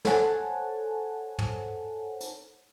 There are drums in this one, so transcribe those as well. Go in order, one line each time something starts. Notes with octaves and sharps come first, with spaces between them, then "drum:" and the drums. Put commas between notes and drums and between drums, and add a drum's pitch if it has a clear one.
A4 C5 C#5 F#5 G#5 A5, drum: snare
drum: tom
drum: hi-hat